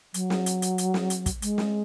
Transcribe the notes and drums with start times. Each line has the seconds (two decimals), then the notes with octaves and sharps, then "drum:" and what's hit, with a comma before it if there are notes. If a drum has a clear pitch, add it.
0.14 F#3, drum: hi-hat
0.30 drum: snare
0.46 drum: hi-hat
0.62 drum: hi-hat
0.78 drum: hi-hat
0.94 drum: snare
1.10 drum: hi-hat
1.26 drum: kick, hi-hat
1.42 G#3, drum: hi-hat
1.58 drum: snare